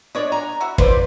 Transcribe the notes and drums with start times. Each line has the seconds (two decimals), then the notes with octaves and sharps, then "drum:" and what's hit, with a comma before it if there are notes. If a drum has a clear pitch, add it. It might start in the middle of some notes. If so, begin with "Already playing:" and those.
0.15 G#3 D4 C#5 D5
0.32 G#5 A#5
0.60 E4 F#4
0.78 F4 B4 C5 D5, drum: kick